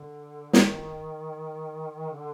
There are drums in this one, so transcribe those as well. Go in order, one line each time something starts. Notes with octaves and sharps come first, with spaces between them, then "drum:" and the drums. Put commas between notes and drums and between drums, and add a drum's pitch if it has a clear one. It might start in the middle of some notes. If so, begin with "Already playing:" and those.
Already playing: D3
D#3, drum: snare
D3